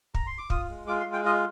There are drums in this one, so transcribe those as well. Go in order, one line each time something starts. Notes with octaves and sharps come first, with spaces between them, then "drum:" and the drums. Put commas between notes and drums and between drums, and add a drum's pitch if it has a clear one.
A#5, drum: kick
C6
D6
F4 D#6, drum: kick
G#3
F4 D6
C6
G#3
G5
F4 D#5